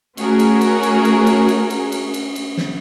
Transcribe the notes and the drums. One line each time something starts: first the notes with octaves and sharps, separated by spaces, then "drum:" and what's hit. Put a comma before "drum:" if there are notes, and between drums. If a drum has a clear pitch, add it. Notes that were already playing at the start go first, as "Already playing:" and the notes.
A3 C#4 F#4 G#4 A#4, drum: cymbal
drum: cymbal
drum: cymbal
drum: cymbal
drum: cymbal
drum: cymbal
drum: cymbal
drum: cymbal
drum: cymbal
drum: cymbal
drum: cymbal
drum: snare